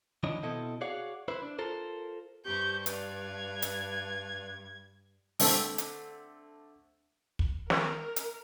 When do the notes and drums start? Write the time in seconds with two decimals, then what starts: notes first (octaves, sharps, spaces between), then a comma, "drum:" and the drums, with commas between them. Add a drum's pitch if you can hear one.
0.23 D#3 F3 D4 E4 C#5 D#5
0.43 B2 C4 E4 A4 D#5
0.81 F#4 G#4 C#5 D5 F5 F#5
1.28 E4 B4 C5
1.42 D4
1.59 F4 A4 A#4 C5
2.45 G2 G4 C5 C#6 G6
2.86 B4 D5 F5 G#6, drum: hi-hat
3.62 drum: hi-hat
5.39 D3 A3 C4, drum: open hi-hat
5.78 drum: hi-hat
7.39 drum: kick
7.70 A#4, drum: snare
8.16 drum: hi-hat